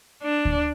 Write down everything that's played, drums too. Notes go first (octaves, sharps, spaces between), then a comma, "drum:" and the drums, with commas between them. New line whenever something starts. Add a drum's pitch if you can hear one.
D4
drum: kick D2